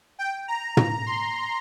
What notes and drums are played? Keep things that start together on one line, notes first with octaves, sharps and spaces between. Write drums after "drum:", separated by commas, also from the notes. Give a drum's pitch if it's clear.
G5
A#5
A#5, drum: tom
C6